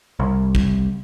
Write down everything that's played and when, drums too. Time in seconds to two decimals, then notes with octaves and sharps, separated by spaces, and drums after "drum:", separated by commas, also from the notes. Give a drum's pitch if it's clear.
0.20 C2
0.55 drum: kick